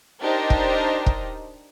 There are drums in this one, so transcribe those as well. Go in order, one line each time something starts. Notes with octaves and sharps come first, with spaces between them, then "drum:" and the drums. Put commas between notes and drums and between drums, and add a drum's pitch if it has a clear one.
D4 D#4 G4 A#4 C5 D#5
drum: kick
drum: kick